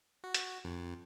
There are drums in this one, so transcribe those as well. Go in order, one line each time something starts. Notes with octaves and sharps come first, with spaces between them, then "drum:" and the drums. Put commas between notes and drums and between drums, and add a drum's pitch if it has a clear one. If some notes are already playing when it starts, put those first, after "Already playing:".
F#4
drum: hi-hat
F2